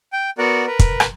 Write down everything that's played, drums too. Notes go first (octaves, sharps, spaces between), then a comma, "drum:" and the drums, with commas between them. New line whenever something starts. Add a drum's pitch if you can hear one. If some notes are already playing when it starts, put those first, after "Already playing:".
G5
B3 F#4 A#4 D5 F#5
A#4 B4
drum: kick, hi-hat
drum: rim click